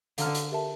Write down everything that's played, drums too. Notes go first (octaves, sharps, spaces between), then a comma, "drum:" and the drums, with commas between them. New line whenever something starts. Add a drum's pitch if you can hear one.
D3 F5 A#5 F6, drum: hi-hat
drum: hi-hat
G4 A#4 E5 A5